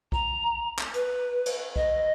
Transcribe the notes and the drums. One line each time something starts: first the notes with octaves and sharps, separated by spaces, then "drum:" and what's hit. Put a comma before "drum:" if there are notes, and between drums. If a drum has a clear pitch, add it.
A#5, drum: kick B1
drum: clap
B4, drum: hi-hat
drum: cymbal
D#5, drum: kick B1